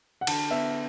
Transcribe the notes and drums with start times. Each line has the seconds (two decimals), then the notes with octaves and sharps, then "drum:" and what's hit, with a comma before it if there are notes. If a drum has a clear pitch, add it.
0.21 F#5
0.27 D3 A5, drum: cymbal
0.50 B3 E5